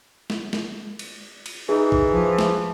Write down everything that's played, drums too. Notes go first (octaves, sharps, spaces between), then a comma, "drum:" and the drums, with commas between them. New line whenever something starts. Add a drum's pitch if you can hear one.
drum: snare
drum: snare
drum: cymbal
drum: cymbal
E3 D#4 G#4
drum: kick
F3
drum: snare